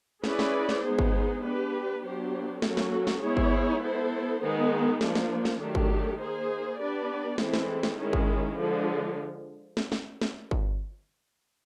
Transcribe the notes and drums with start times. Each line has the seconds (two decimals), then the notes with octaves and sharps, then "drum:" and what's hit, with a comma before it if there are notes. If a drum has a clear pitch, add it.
0.24 C#4 E4 G#4 B4 D5, drum: snare
0.39 drum: snare
0.69 drum: snare
0.83 G#3 B3 D#4 G#4 C5
0.99 drum: kick G1
1.43 B3 D4 G4 B4
2.02 F#3 B3 D4 G4 C5
2.62 F#3 A#3 C#4 F#4 A4, drum: snare
2.77 drum: snare
3.07 drum: snare
3.22 G#3 B3 E4 G#4 C#5
3.37 drum: kick G1
3.81 B3 E4 A4 C5
4.41 D#3 G#3 B3 D#4
5.01 F3 A#3 D4, drum: snare
5.15 drum: snare
5.45 drum: snare
5.60 D#3 F#3 A3 D4 G4
5.75 drum: kick G1
6.19 A#3 D#4 G#4 C5
6.79 B3 D4 G4 B4 D5
7.38 E3 G#3 C4 E4 A4, drum: snare
7.54 drum: snare
7.83 drum: snare
7.98 D#3 G#3 C#4 E4
8.13 drum: kick G1
8.58 D3 F3 G#3
9.77 drum: snare
9.92 drum: snare
10.22 drum: snare
10.51 drum: kick G1